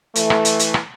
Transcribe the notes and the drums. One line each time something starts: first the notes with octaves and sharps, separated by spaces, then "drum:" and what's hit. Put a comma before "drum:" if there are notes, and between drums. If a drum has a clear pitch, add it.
E3 A3, drum: hi-hat
drum: rim click
drum: hi-hat
drum: hi-hat
drum: rim click